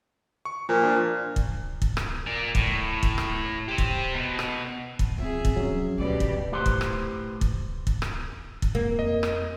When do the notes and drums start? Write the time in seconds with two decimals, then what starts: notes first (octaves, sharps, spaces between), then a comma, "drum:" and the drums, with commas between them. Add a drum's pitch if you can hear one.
0.45 C#6
0.69 A#2 F3
0.82 F3 D4
1.36 drum: kick
1.82 drum: kick
1.97 drum: rim click
2.27 A#3 D5
2.55 A2, drum: kick
3.03 drum: kick
3.18 drum: rim click
3.68 G4 C5
3.78 drum: kick
4.15 B2
4.39 drum: rim click
4.99 drum: kick
5.18 F3 C4 G#4 E5
5.45 drum: kick
5.56 F#3 C#4
5.98 D2 B2 G4 D5
6.20 drum: kick
6.52 A2 E4 G4 B4 C5 C6
6.66 drum: kick
6.81 drum: rim click
7.41 drum: kick
7.87 drum: kick
8.02 drum: rim click
8.62 drum: kick
8.75 F2 A#3
8.99 D#5
9.23 drum: rim click